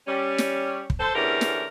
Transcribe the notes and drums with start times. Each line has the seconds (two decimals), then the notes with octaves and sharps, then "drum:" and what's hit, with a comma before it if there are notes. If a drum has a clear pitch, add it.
0.08 G3 C#4
0.38 drum: snare
0.90 drum: kick
1.00 A4 C5
1.15 E2 D3 E3 C#4 G4 A#4
1.41 drum: snare